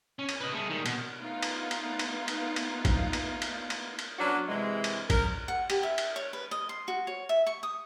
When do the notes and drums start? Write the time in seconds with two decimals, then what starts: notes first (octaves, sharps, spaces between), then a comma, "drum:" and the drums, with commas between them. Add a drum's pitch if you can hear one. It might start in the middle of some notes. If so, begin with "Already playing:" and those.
0.19 C#4
0.29 drum: cymbal
0.40 B4 D#5
0.54 A3 G#4
0.70 D#3 G3
0.86 B2 B3, drum: cymbal
1.19 A3 B3 D#4 F4
1.43 drum: cymbal
1.71 drum: cymbal
1.99 drum: cymbal
2.28 drum: cymbal
2.56 drum: cymbal
2.85 drum: kick, cymbal
3.13 drum: cymbal
3.42 drum: cymbal
3.70 drum: cymbal
3.99 drum: cymbal
4.19 F#3 B3 C#4 D4 F#4
4.49 C3 E3 G#3
4.84 drum: cymbal
5.10 A#4, drum: kick, cymbal
5.48 F#5
5.70 G4, drum: cymbal
5.83 E5
5.98 drum: cymbal
6.16 C#5
6.33 B4
6.51 D#5
6.69 C6
6.88 F#4
7.07 C#5
7.29 E5
7.47 C#6
7.63 D#6